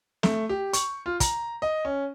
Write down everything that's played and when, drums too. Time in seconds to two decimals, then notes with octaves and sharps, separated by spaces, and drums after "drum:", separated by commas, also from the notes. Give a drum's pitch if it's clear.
0.23 A3, drum: snare
0.49 G4
0.73 C#6, drum: hi-hat
1.06 F4
1.20 A#5, drum: kick, hi-hat
1.62 D#5
1.85 C#4